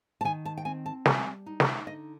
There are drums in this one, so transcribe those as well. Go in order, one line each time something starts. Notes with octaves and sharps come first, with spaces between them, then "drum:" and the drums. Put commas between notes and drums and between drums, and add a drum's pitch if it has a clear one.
A5
D#3 G#5
A5
G5
C4 G#5
A5
G3 G#5, drum: snare
D#4
drum: snare
D3 D#5